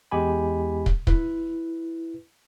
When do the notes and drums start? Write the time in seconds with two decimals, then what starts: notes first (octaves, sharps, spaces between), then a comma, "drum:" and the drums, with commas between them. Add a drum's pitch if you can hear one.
0.11 E2 G#3 G4 G#5 B5
0.86 drum: kick
1.07 E4 B4, drum: kick